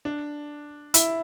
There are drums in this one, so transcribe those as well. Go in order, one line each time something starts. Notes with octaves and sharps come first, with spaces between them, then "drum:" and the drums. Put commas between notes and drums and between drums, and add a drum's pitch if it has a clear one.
D4
E4, drum: hi-hat